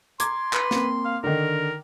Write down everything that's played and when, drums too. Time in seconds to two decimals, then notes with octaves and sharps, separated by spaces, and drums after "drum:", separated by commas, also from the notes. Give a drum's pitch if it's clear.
0.20 A#5 C6 D6 G#6, drum: hi-hat
0.53 B4, drum: clap
0.71 A#3 C4, drum: snare
1.05 F5
1.24 D3 D#3 A#4